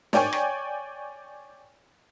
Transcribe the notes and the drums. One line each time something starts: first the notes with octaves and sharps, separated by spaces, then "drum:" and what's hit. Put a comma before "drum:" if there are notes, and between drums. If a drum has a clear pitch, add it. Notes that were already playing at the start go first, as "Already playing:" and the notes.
C#5 D5 G5 G#5 C#6, drum: snare
drum: rim click